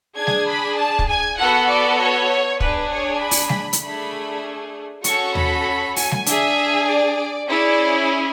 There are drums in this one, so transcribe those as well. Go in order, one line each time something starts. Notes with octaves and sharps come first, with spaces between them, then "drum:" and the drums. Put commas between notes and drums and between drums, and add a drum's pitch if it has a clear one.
D4 G#4 G#6
drum: snare G3
B5
A5
drum: kick
G#5
B3 F#4 A4 F#5
D5
C#5
D4 G#4 B4, drum: kick
C#5
B5
drum: open hi-hat
drum: snare G3
drum: hi-hat
A3 D4 G#4 B5
C#4 F#4 A4 C#6, drum: hi-hat
B5, drum: tom D#2
G#5, drum: open hi-hat
drum: snare G3
D4 G#4 E5, drum: hi-hat
D5
C#4 E4 G#4 D5